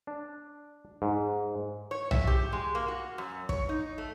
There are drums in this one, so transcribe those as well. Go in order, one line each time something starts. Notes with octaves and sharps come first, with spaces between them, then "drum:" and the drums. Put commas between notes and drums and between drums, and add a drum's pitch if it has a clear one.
D4
G#2
C#5
E5, drum: tom
G4
G#3
A#3
F#4
F#2
C#5, drum: kick
D#4
A3